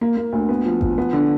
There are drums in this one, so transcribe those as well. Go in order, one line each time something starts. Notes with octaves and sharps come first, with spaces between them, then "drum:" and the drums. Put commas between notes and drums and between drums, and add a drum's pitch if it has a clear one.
A#3
A#3
D2
B3
F3
F3, drum: kick G#1
B3
D3